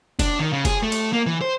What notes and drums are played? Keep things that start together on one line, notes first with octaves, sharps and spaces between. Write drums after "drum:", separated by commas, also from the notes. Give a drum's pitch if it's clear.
D4, drum: kick, cymbal
D#3
C#3
G#4, drum: kick, cymbal
A3
drum: cymbal
A#3
E3
C5